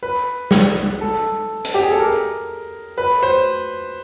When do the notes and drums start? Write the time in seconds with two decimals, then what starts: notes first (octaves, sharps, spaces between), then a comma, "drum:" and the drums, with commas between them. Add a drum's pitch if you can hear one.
0.03 B4
0.51 drum: snare
1.01 A4
1.65 drum: hi-hat
1.74 G4
1.83 G#4
1.92 A4
1.99 A#4
2.98 B4
3.23 C5